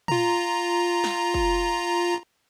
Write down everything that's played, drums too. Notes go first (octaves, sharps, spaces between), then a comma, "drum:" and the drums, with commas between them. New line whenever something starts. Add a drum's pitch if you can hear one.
F4 A#5, drum: tom
drum: snare
drum: kick